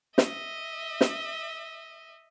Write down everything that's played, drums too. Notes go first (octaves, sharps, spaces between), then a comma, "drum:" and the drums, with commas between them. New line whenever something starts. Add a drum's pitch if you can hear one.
D#5 E5, drum: snare
drum: snare